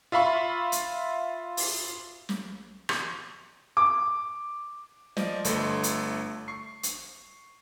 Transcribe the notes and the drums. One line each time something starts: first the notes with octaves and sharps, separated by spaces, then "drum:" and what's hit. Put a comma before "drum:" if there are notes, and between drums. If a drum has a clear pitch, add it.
F4 E5 F5 B5 C#6
drum: hi-hat
drum: open hi-hat
drum: snare
drum: rim click
D6
F3 D5 D#5, drum: snare
G1 A3 A4 D#5 B5 C6, drum: hi-hat
drum: hi-hat
C#6 C7
drum: hi-hat